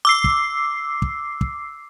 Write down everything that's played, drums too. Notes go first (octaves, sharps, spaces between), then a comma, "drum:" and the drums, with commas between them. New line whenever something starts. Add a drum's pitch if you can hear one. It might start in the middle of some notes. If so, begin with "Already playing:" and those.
D6 E6 C7
drum: kick
drum: kick
drum: kick